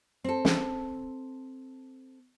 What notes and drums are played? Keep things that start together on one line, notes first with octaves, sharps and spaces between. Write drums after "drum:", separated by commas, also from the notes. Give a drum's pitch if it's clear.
C4 A4
drum: snare